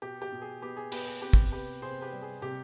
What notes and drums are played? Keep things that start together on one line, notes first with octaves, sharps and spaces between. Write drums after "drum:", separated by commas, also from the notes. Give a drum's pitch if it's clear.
B2 G4
G4
B2
G#4
B3 G4
G#4
B3 G4 B4, drum: open hi-hat
G#4
C4 G4 B4
drum: kick
C3 G4 B4
C3 G#4 C5
G4 B4
G3
G#4
C3 G4